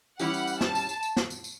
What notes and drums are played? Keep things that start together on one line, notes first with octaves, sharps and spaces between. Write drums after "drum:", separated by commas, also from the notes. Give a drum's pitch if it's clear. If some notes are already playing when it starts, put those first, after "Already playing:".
E3 G3 C#4 E4 G4 F#5, drum: tambourine
drum: tambourine
drum: tambourine
A5, drum: snare
drum: tambourine
drum: tambourine
drum: tambourine
drum: snare
drum: tambourine
drum: tambourine